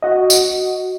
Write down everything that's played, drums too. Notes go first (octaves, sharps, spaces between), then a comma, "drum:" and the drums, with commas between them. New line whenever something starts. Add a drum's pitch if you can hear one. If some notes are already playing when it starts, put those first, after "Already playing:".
F#4 D#5
drum: tambourine